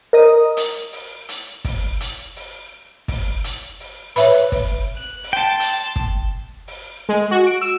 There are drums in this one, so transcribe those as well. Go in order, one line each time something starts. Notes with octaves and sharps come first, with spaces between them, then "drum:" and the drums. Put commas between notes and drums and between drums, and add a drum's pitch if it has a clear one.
A#4 D#5 D#6
drum: hi-hat
drum: open hi-hat
drum: hi-hat
drum: kick, open hi-hat
drum: hi-hat
drum: open hi-hat
drum: kick, open hi-hat
drum: hi-hat
drum: open hi-hat
B4 C#5 E5 B5, drum: hi-hat
drum: kick, open hi-hat
F#6
drum: open hi-hat
G5 A5 C6
drum: hi-hat
drum: kick
drum: open hi-hat
G#3
F#4
D7
E6